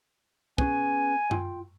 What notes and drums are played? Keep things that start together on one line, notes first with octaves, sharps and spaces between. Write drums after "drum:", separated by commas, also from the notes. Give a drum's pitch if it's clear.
B3 C#4 G#4 G#5, drum: kick
F4 G5, drum: tom F#2